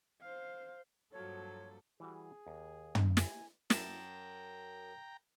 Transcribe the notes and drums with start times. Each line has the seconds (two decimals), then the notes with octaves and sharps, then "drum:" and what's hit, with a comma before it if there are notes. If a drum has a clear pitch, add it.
0.21 C5 F5
1.12 G2 F3 F#3 A#3 A4 C#5
2.00 E3 G3 F#4 G#4
2.47 D#2
2.95 drum: tom
3.17 G4 G#5, drum: snare
3.70 F#2 G5 A5 A#5, drum: snare